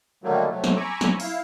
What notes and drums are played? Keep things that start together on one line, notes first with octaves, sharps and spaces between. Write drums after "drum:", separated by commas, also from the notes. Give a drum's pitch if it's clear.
D3 D#3 F#3 G3 A3 A#3
C3 F#3 A3
drum: snare
G#5 A#5 B5 C#6 D6 E6
drum: snare
E4 F5, drum: open hi-hat